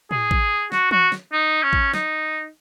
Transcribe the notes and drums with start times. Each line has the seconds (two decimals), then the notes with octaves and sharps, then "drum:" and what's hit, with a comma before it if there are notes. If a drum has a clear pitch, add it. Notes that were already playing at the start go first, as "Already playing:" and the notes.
0.11 G#4, drum: tom A2
0.31 drum: kick
0.72 F#4, drum: snare
0.91 F#4, drum: tom E3
1.12 drum: snare
1.32 D#4
1.63 C#4
1.73 drum: kick
1.93 D#4, drum: snare